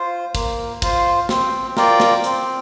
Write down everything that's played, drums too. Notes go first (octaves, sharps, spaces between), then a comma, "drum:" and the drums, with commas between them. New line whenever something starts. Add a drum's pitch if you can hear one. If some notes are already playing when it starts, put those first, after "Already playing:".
Already playing: F4 C5
A#3, drum: kick, hi-hat
F4 C5, drum: kick, hi-hat
C4, drum: snare
F4 A#4 D5 G5, drum: snare
drum: snare
C4, drum: hi-hat